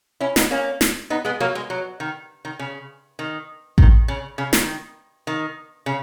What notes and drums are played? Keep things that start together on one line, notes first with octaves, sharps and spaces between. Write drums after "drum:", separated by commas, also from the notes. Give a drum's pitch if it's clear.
C#4 E4
B3 D#4, drum: snare
A#3 C#4
drum: snare
B3 D#4
G#3 B3
F#3 A#3
G#3
F#3
D#3
D#3
C#3
D#3
D#3, drum: kick A1
C#3
C#3
D#3, drum: snare
D#3
C#3